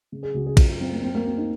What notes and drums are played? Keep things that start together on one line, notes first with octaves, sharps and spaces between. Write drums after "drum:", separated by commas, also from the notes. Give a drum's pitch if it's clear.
C#3
G#4
C#2 F#4
G#4
F#2 F4, drum: kick, cymbal
F4
F#3 C4
A#3
F#2 C4
A#3
F#3 C4
D#4